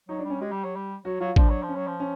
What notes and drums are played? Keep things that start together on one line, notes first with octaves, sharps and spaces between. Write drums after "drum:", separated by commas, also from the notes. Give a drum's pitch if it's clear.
F#3 D#4
D4
G3 C#4
G#3 G4
G3
F#3
G3
F#3 F#4
F#3 F4
F3 D4, drum: kick A1
F#3
F3
C#4
F#3
F3
C#4